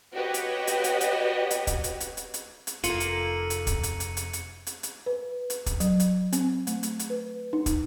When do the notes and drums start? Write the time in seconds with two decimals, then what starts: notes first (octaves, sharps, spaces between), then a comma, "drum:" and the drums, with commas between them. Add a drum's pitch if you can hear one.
0.13 F#4 G4 B4 C#5 D#5
0.34 drum: hi-hat
0.67 drum: hi-hat
0.84 drum: hi-hat
1.01 drum: hi-hat
1.51 drum: hi-hat
1.67 drum: kick, hi-hat
1.84 drum: hi-hat
2.00 drum: hi-hat
2.17 drum: hi-hat
2.34 drum: hi-hat
2.67 drum: hi-hat
2.84 F1 A3 A#3 F4 C#7 D#7 F#7, drum: hi-hat
3.00 drum: hi-hat
3.50 drum: hi-hat
3.67 drum: kick, hi-hat
3.83 drum: hi-hat
4.00 drum: hi-hat
4.17 drum: hi-hat
4.33 drum: hi-hat
4.67 drum: hi-hat
4.83 drum: hi-hat
5.06 B4
5.50 drum: hi-hat
5.66 drum: kick, hi-hat
5.80 F#3, drum: hi-hat
6.00 drum: hi-hat
6.33 C4, drum: hi-hat
6.67 A3, drum: hi-hat
6.83 drum: hi-hat
6.99 drum: hi-hat
7.10 B4
7.53 D#4
7.66 drum: kick, hi-hat